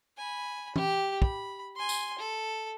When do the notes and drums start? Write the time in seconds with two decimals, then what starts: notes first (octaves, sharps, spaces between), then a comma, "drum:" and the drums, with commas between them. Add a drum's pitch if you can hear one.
0.17 G#5 B5
0.76 G4, drum: tom E3
1.22 B5, drum: kick
1.76 G#5 C6
1.89 drum: tambourine
2.19 A4